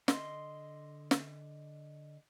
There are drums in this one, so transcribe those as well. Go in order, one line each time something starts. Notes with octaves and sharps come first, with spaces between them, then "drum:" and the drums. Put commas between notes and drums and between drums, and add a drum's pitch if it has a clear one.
D3 D#5 C6, drum: snare
drum: snare